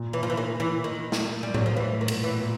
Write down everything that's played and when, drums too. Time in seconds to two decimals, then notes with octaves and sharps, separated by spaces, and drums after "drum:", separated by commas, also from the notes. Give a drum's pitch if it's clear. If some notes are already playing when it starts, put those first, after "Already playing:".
Already playing: A#2
0.13 E3
0.23 F3
0.30 E3
0.37 D#3
0.60 E3
0.84 D#3
1.12 drum: snare
1.43 G3
1.54 F#3, drum: tom A2
1.66 F3
1.76 A2 E3
2.01 D#3
2.08 A#2, drum: cymbal
2.24 E3
2.39 A#2